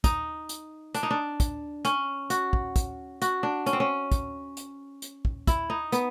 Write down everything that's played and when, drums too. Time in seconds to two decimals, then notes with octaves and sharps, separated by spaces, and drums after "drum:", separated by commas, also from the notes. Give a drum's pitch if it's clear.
0.04 D#4, drum: kick, hi-hat
0.49 drum: hi-hat
0.95 D4, drum: hi-hat
1.03 D#4
1.11 D4
1.40 drum: kick, hi-hat
1.85 C#4, drum: hi-hat
2.30 F#4, drum: hi-hat
2.53 drum: kick
2.76 drum: kick, hi-hat
3.22 F#4, drum: hi-hat
3.43 D4
3.66 C#4, drum: hi-hat
3.73 C4
3.80 C#4
4.12 drum: kick, hi-hat
4.57 drum: hi-hat
5.02 drum: hi-hat
5.25 drum: kick
5.47 E4, drum: kick, hi-hat
5.70 D#4
5.92 B3, drum: hi-hat